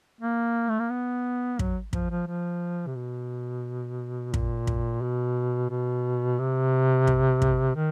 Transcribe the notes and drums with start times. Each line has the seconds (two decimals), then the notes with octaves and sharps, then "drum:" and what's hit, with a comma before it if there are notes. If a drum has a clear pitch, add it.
0.21 A#3
0.69 A3
0.79 A#3
0.90 B3
1.59 F#3, drum: kick
1.93 F3, drum: kick
2.11 F3
2.27 F3
2.87 C3
2.95 B2
4.34 A#2, drum: kick
4.67 drum: kick
5.02 B2
5.70 B2
6.39 C3
7.07 drum: kick
7.42 drum: kick
7.75 D#3